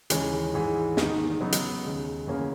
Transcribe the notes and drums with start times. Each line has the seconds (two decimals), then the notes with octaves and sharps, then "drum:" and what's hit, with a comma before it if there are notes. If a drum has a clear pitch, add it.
0.10 D#2 C#3 E3 G#3 C#4, drum: hi-hat
0.54 G#2 E3 G#3
0.97 E2 D#3 G#3 D#4, drum: snare
1.40 C#3 F#3 B3 D#4
1.52 drum: hi-hat
1.84 D#2 C#3 G#3
2.27 E2 C#3 E3 A#3 C#4